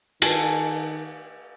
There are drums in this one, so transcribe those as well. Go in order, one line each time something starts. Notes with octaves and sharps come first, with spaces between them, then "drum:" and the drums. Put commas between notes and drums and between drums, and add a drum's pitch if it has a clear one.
D#3 G#5 A5, drum: cymbal